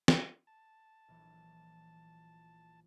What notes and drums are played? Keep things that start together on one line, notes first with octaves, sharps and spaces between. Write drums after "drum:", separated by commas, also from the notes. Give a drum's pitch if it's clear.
drum: snare
A5
A#1 E3 F#3